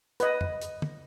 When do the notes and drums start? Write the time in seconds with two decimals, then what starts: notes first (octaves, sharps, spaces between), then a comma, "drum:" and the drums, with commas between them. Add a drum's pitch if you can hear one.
0.20 B4 D#5, drum: hi-hat
0.41 drum: tom F2
0.61 drum: hi-hat
0.82 drum: tom